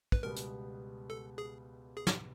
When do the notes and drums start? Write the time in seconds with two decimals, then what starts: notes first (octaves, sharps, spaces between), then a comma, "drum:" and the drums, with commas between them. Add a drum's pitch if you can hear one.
0.12 B4, drum: kick
0.23 C#2 B2 G3 B3 A#4
0.36 drum: hi-hat
1.10 A4
1.38 G#4
1.97 G#4
2.07 drum: snare